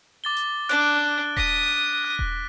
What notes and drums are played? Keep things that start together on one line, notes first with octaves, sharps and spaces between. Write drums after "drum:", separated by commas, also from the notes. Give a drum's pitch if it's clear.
D6 A6 G7
drum: hi-hat
D4 F#6 D7, drum: hi-hat
D#6 A#6 B6, drum: kick D#1
F#6
drum: kick D#1